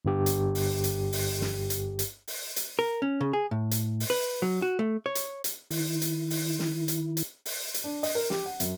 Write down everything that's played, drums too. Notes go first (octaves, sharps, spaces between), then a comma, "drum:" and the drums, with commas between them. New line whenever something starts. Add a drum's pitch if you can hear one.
G1 G2 G4
drum: hi-hat
drum: open hi-hat
drum: hi-hat
drum: open hi-hat
drum: snare
drum: hi-hat
drum: hi-hat
drum: open hi-hat
drum: hi-hat
A#4
C#4
C#3
G#4
A2
drum: hi-hat
drum: open hi-hat
B4
F#3
F#4
A3
C#5
drum: hi-hat
drum: hi-hat
D#3 E4, drum: open hi-hat
drum: hi-hat
drum: open hi-hat
drum: snare
drum: hi-hat
drum: hi-hat
drum: open hi-hat
drum: hi-hat
D4
D#5, drum: open hi-hat
A#4
G4, drum: snare
F#5
F#2, drum: hi-hat